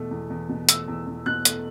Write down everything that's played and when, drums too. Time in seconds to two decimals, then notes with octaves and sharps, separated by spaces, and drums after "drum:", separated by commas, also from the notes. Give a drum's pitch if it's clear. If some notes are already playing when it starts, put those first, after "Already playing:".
Already playing: E2 B2 A3
0.11 E2
0.30 E2
0.49 B2
0.69 A3 E6, drum: hi-hat
0.88 E2
1.07 E2
1.26 B2 F#6
1.45 A3, drum: hi-hat